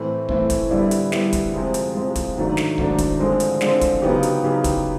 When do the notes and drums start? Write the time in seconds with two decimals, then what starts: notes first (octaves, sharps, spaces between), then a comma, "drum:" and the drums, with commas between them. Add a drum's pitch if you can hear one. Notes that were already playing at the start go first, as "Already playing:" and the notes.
Already playing: A2 E3 A3 C4
0.29 A2 E3 A3 C4, drum: kick
0.50 drum: kick, hi-hat
0.70 D3 G3 B3 E4
0.91 drum: hi-hat
1.12 D3 G3 B3 E4, drum: snare
1.33 drum: kick, hi-hat
1.53 F2 C3 F3 G#3
1.74 drum: hi-hat
1.95 F2 C3 F3 G#3
2.16 drum: kick, hi-hat
2.36 G#2 D#3 F#3 A3 D4
2.57 drum: snare
2.78 G#2 D#3 F#3 A3 D4, drum: kick
2.98 drum: kick, hi-hat
3.19 D3 F3 G#3 C4
3.40 drum: hi-hat
3.61 D3 F3 G#3 C4, drum: snare
3.81 drum: kick, hi-hat
4.02 C#3 F#3 B3 D#4 G4
4.23 drum: hi-hat
4.43 C#3 F#3 B3 D#4 G4
4.64 drum: kick, hi-hat